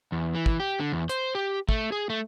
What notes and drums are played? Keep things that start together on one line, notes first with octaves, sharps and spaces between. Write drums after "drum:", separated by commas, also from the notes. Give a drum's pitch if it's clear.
E2
E3
drum: kick
G4
D3
E2
C5, drum: hi-hat
G4
A3, drum: kick
G#4
A3